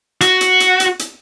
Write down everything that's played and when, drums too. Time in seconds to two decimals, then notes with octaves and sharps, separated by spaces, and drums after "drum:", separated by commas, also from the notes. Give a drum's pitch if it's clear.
0.21 F#4, drum: hi-hat
0.41 drum: hi-hat
0.60 drum: hi-hat
0.80 drum: hi-hat
0.99 drum: hi-hat